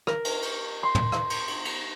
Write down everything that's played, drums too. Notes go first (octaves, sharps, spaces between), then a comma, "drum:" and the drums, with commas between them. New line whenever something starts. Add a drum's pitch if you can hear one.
A#4, drum: rim click
drum: cymbal
drum: cymbal
C6
drum: tom
drum: rim click
drum: cymbal
drum: cymbal
drum: cymbal